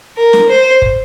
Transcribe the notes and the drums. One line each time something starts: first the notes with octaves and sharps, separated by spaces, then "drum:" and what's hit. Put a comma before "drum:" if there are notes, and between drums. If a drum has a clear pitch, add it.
A#4
drum: snare
C5
drum: kick